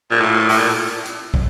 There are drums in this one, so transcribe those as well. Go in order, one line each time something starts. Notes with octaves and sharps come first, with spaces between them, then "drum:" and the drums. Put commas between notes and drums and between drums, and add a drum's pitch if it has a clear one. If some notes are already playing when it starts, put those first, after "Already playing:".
A#2
A2
A2, drum: open hi-hat
A#2
drum: hi-hat
drum: kick